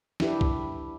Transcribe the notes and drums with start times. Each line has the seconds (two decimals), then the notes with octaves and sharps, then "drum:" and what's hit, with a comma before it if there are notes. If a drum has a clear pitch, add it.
0.20 D4 E4 G4 B4, drum: snare
0.41 drum: kick B1